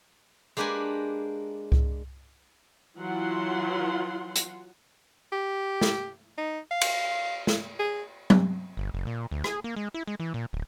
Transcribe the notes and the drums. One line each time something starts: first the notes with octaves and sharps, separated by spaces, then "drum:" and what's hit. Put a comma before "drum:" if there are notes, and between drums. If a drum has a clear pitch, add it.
G#3 A#3 D4 G4 B4 G#5
drum: kick C2
E3 F#3 E4 F4 F#5 C6
drum: hi-hat
G4
drum: snare
D#4
F5
drum: cymbal
drum: snare
G#4
drum: tom F#3
G1
F#1
A#2
D2
G#4, drum: rim click
A#3
G#3
E4
G#3
E3
A#2
D1